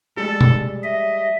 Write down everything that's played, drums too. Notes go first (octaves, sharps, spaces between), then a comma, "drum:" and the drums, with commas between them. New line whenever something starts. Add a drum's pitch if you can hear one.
G3 G#3 A4
drum: tom
D#5 E5